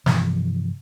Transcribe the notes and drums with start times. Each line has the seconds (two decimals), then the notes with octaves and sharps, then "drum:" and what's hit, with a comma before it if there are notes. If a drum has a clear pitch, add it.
0.06 G2 C3 E3 F3, drum: snare